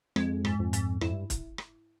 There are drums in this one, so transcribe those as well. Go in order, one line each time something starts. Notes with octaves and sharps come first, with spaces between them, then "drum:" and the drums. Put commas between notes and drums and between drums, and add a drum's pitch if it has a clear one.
F2 G#3, drum: rim click
G#2, drum: rim click
F2
G#2, drum: hi-hat
F2 E4, drum: rim click
G2
drum: kick, hi-hat
drum: rim click